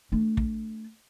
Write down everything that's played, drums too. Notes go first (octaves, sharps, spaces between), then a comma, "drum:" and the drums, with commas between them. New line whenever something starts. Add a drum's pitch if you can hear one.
A3 D4
drum: kick